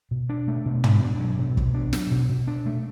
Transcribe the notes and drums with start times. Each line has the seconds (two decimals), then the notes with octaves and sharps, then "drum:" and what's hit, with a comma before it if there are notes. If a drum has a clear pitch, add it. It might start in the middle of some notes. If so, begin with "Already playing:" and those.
0.11 B2
0.29 D4
0.48 A3
0.66 B2
0.84 B2, drum: tom
1.02 D4
1.20 F#3
1.38 B2
1.57 B2, drum: kick
1.74 D4
1.93 F#3, drum: snare
2.11 B2
2.29 B2
2.48 D4
2.66 A3